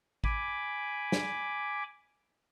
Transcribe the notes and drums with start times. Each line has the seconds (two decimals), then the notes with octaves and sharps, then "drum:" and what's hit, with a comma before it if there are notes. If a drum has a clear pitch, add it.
0.24 G#5 B5 D6, drum: kick
1.12 drum: snare